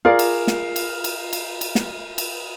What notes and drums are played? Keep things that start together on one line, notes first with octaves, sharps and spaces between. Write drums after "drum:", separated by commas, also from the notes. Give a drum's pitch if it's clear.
F4 G#4 A#4 D5 F5
drum: cymbal
drum: snare
drum: cymbal
drum: cymbal
drum: cymbal
drum: cymbal
drum: snare
drum: cymbal